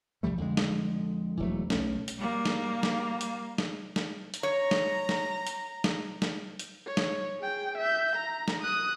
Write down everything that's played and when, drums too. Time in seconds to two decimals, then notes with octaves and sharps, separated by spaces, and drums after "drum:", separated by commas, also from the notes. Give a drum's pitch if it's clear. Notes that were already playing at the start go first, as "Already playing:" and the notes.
0.23 C2 F3 G3 A3
0.38 F2 D3 G#3
0.57 drum: snare
1.39 E1 E3 F#3 A3
1.70 B1 A3 C#4, drum: snare
2.08 drum: hi-hat
2.18 G3 A#3
2.46 drum: snare
2.83 drum: snare
3.21 drum: hi-hat
3.58 drum: snare
3.96 drum: snare
4.34 drum: hi-hat
4.43 C#5 A#5
4.71 drum: snare
5.09 drum: snare
5.47 drum: hi-hat
5.84 drum: snare
6.22 drum: snare
6.59 drum: hi-hat
6.86 C#5
6.97 drum: snare
7.40 G#4 G5
7.78 E5 G6
8.16 A#5
8.48 drum: snare
8.62 D#6 F#6